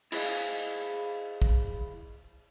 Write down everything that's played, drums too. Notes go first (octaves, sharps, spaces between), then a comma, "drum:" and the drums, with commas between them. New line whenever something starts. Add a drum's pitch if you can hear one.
E4 G#4 C5 D#5 F5, drum: cymbal
drum: kick